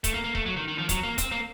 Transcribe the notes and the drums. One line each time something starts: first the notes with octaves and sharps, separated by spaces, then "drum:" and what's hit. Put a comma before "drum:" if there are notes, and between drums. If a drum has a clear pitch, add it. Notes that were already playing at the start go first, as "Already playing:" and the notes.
A3, drum: kick C#1, hi-hat
A#3
A#3
A3, drum: kick C#1
F#3
D#3
D#3
F3
F#3, drum: kick C#1, hi-hat
A#3
C4, drum: kick C#1, hi-hat
A#3